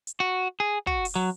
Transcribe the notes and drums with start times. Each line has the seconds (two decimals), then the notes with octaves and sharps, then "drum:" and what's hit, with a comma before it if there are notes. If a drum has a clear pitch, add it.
0.07 drum: hi-hat
0.20 F#4
0.60 G#4
0.87 F#4, drum: kick
1.05 drum: open hi-hat
1.15 F#3